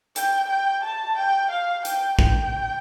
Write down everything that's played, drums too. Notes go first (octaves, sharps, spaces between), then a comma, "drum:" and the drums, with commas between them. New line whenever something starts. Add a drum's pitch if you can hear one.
G5, drum: hi-hat
G5
A5
G5
F5
G5, drum: hi-hat
G5, drum: kick